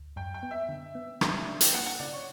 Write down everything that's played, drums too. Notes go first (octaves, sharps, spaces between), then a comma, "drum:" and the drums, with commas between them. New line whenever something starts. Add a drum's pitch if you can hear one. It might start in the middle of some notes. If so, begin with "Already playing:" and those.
Already playing: D2
F#2 G5
G5
B3
E5
D3
B3
D4, drum: rim click
D4
G5, drum: hi-hat
A#3 F#5
F#5
C#3 D5
C#5